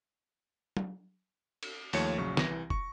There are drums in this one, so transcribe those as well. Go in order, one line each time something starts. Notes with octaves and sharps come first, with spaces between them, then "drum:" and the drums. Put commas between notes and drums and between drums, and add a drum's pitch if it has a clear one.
drum: tom
drum: cymbal
D#2 F3 A3 C#5 C#7, drum: open hi-hat
A#1 C#3 F#3 C#6
C2 E3 A#6, drum: snare
C#6, drum: kick